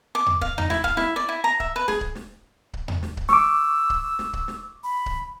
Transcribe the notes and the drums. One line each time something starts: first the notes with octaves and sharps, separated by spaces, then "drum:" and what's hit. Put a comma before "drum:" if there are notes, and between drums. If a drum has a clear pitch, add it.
D6
drum: tom E2
F5, drum: kick C#1
D#4, drum: tom E2
E4, drum: snare
F5, drum: kick C#1
E4, drum: snare
D5
E4
A#5
E5, drum: kick C#1
B4
G#4, drum: snare
drum: kick C#1
drum: snare
drum: kick C#1
drum: tom E2
drum: snare
drum: kick C#1
C#6 D6 E6, drum: snare
drum: kick C#1
drum: snare
drum: kick C#1
drum: snare
B5
drum: kick C#1